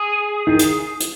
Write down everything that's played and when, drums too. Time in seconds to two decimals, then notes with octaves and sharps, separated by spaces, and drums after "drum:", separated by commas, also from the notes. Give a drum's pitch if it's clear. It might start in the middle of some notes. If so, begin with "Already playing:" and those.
Already playing: G#4
0.47 D#3
0.59 drum: hi-hat
1.00 drum: hi-hat